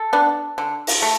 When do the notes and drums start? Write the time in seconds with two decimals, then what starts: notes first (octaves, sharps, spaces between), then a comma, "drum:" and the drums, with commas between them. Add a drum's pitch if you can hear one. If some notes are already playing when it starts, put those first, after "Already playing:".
Already playing: A4
0.13 B3 D4
0.58 D3
0.87 drum: open hi-hat
1.02 A3